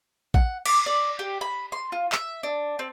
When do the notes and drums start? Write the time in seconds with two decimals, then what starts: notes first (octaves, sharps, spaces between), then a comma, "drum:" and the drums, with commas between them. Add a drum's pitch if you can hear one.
0.34 F#5, drum: kick
0.66 D6, drum: cymbal
0.86 D5
1.19 G4
1.41 B5
1.72 C6
1.92 F4
2.12 E5, drum: clap
2.43 D4
2.79 C4